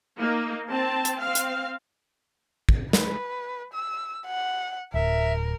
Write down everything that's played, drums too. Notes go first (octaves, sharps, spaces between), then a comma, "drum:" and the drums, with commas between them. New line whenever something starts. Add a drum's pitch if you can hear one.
A#3 D#4
C4 A5
drum: hi-hat
C4 F5
drum: hi-hat
drum: kick
B4, drum: snare
E6
F#5
D1 A#4 E5